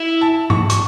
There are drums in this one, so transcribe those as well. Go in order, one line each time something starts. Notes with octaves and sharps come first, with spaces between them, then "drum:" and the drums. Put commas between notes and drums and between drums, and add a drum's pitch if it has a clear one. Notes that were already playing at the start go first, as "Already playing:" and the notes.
Already playing: E4
A5
C#6, drum: tom G#2
C#6, drum: hi-hat